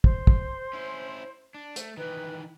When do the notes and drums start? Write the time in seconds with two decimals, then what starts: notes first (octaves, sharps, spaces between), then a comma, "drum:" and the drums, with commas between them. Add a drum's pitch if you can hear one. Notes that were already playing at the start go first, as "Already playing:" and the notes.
0.04 C5, drum: kick
0.27 drum: kick
0.73 C#4 E4
1.54 D4
1.76 A3, drum: hi-hat
1.97 D#3 E3 B4